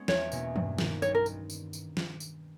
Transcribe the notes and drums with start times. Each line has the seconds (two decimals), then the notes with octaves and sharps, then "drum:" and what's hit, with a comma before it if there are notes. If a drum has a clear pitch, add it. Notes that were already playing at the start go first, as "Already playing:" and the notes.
Already playing: G#3 B3 C#4
0.08 E2 C#5, drum: snare
0.32 B2 A#3 C#4 E4, drum: tambourine
0.56 G2, drum: tom D#3
0.79 D#3 A#3, drum: snare
1.02 B1 C#5, drum: tambourine
1.15 A#4
1.26 drum: tambourine
1.50 drum: tambourine
1.73 drum: tambourine
1.97 drum: snare
2.20 drum: tambourine